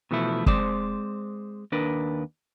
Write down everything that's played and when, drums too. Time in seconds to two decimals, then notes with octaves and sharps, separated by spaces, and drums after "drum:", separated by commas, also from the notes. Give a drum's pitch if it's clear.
0.11 B2 E3 F3 A3 E4
0.46 G#3 C4 C5 D5, drum: kick
1.72 D#2 D4 A#4 B4